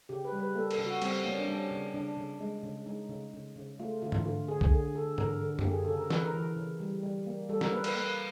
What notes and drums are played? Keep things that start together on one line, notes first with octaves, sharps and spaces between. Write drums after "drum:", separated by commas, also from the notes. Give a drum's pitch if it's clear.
C#3 G4
B4
G3
B4
A#3 A4
A4, drum: cymbal
C#3
F#4
G3 C4, drum: cymbal
A#3 C#4
D4
G3 C#4
C#3
C#3 D4
C#3
G#3
C#3
G#3 D#4
C#3
C#3
C#3
A3 F4
D3 F4
drum: tom G#2
D3 F4
D3 G#4
drum: kick B1
D3 G#4
D3 A4
D3 A#4, drum: tom G#2
D3
G4, drum: tom F#2
A#3
G#4
C#3 A4
A#4
E3 B4, drum: snare
A#4
E3
A#4
C#3
G3
G3
A#3
G3 A4
A#4, drum: snare
A#3 B4
B4, drum: cymbal
A#3 B4